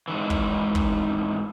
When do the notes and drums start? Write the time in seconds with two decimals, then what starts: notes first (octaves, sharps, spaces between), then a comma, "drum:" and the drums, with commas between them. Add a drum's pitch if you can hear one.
0.08 G#2 D#3 E3
0.30 drum: kick
0.75 drum: kick